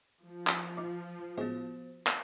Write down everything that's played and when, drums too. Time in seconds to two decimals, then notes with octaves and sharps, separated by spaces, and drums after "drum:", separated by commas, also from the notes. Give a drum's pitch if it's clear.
0.24 F3
0.47 drum: clap
0.77 D#4 D5
1.38 A2 G#3 B3 C#4 F#4 C5
2.07 drum: clap